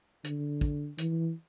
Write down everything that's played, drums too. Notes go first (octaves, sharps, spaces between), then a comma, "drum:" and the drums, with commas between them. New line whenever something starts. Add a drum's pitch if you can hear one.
D3, drum: hi-hat
drum: kick
E3, drum: hi-hat